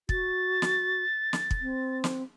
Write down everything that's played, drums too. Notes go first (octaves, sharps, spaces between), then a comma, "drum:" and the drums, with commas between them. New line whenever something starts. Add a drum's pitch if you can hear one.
F#4 A6, drum: kick
drum: snare
drum: snare
drum: kick
C4
drum: snare